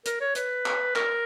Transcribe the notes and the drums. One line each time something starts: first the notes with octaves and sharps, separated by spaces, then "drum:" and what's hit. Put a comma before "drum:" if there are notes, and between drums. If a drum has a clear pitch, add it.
A#4, drum: hi-hat
C#5
B4, drum: hi-hat
drum: clap
A#4, drum: clap